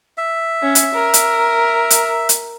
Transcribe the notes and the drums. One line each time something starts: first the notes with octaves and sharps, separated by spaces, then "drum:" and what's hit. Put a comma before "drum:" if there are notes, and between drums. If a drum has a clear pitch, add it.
E5
C#4
drum: hi-hat
A#4
drum: hi-hat
drum: hi-hat
drum: hi-hat